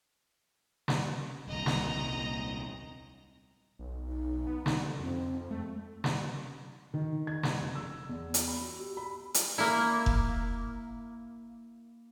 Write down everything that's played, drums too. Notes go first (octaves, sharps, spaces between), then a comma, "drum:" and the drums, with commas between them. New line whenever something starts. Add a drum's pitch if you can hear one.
drum: snare
D#1 C2 D#5 A#5
drum: snare
B1
D#4
B3
D3, drum: snare
F2 C4
G#3 A3
drum: snare
D#3
G#6
drum: snare
F1
E6
E2
drum: hi-hat
B5
F#4
G4
B5
drum: hi-hat
A#3 E4
drum: kick F1